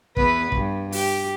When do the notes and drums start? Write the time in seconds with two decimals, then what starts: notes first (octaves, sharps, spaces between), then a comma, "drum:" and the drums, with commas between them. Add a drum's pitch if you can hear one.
0.17 E2 B3 B4, drum: kick
0.52 G2, drum: kick
0.92 G4, drum: open hi-hat